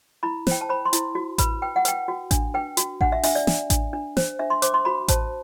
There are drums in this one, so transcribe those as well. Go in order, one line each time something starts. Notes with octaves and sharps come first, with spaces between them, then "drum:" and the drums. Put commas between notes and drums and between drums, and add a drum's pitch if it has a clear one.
E4 B5
C5 G5, drum: snare
A5
C5 B5
C6
E4, drum: hi-hat
F#4
B4 B5, drum: kick A1, hi-hat
B4 G5
F#5
B4 G5, drum: hi-hat
F#4
D4, drum: kick A1, hi-hat
B4 G5
F#4, drum: hi-hat
D4 F#5, drum: kick A1
E5
D4 E5, drum: open hi-hat
D5
D4, drum: snare
D4, drum: kick A1, hi-hat
D4
C5, drum: snare
D4 E5
C6
C5 D6, drum: hi-hat
C6
F#4 B5
C5 A5, drum: kick A1, hi-hat